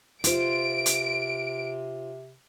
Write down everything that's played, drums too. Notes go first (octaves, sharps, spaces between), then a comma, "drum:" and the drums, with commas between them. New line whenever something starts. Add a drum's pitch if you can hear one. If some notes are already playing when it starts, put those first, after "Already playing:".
C3 F4 C5 D7, drum: hi-hat
drum: hi-hat